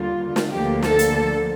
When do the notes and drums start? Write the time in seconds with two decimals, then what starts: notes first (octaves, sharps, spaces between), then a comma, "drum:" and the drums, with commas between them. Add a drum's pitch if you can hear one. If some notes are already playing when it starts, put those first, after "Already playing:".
Already playing: D#2 D3 G3 F4
0.36 drum: snare
0.52 D2 D3 F3 A#3 G4
0.82 A4, drum: snare
0.99 drum: hi-hat